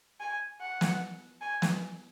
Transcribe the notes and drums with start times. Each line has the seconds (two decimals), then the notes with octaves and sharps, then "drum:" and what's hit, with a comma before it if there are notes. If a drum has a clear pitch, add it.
0.20 G#5
0.61 F#5
0.81 drum: snare
1.42 G#5
1.62 drum: snare